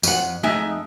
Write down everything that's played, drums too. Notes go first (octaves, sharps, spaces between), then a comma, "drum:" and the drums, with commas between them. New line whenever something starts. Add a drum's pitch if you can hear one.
F2 F#5, drum: tambourine
F2 G#3 A3 D#4 E5 G#5